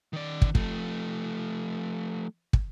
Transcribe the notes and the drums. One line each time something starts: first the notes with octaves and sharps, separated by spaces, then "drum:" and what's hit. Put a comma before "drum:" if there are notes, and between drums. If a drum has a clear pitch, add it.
D#3 D5
drum: kick
F3 A3, drum: kick
drum: kick